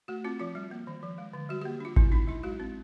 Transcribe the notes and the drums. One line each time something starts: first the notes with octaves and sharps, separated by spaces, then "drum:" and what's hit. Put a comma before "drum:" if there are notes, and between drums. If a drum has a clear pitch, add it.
A3 F#4
C4 F4
F3 F4
G3
A#3
D#3
F3
G#3
D3
G3 F#4
G4
A#3
D4 F4
B3 E4, drum: kick G#1
D4 D#4
F#3 E4
G#3 F#4
C4